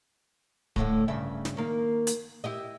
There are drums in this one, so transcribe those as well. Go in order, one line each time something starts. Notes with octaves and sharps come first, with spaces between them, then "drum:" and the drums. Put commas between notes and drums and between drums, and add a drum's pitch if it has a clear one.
A2 D3 A3, drum: kick D1
G2 C#3 E5
drum: snare
D#3 A#3
drum: hi-hat
E4 G4 D#5